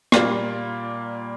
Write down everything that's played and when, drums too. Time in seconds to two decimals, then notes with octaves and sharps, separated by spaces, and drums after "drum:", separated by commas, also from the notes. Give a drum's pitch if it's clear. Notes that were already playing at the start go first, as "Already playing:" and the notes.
0.12 A#2 G3 A#3 F4, drum: rim click